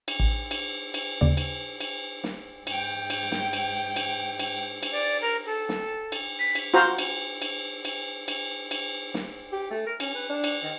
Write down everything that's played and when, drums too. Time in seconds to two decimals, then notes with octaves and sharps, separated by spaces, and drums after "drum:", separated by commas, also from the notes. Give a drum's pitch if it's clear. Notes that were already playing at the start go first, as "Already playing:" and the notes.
0.08 drum: cymbal
0.20 A1
0.51 drum: cymbal
0.94 drum: cymbal
1.21 D#2 C#3 D5
1.37 drum: cymbal
1.81 drum: cymbal
2.24 drum: snare
2.67 G#2 G5, drum: cymbal
3.10 drum: cymbal
3.32 drum: snare
3.53 drum: cymbal
3.96 drum: cymbal
4.39 drum: cymbal
4.83 drum: cymbal
4.92 D5
5.22 A#4
5.46 A4
5.69 drum: snare
6.12 drum: cymbal
6.39 B6
6.55 drum: cymbal
6.74 F4 F#4 C5 A#5
6.98 drum: cymbal
7.42 drum: cymbal
7.85 drum: cymbal
8.28 drum: cymbal
8.71 drum: cymbal
9.14 drum: snare
9.52 G4
9.71 A3
9.87 A#4
10.00 C#4, drum: cymbal
10.15 B4
10.30 D4
10.44 drum: cymbal
10.63 D#3